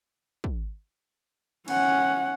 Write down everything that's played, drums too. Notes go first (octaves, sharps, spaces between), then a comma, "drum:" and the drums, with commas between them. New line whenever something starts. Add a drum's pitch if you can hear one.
drum: kick
C#4 F#5, drum: cymbal